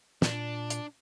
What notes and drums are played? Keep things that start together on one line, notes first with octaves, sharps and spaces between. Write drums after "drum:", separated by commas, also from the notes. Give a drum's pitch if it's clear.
A#2 D4, drum: snare
drum: hi-hat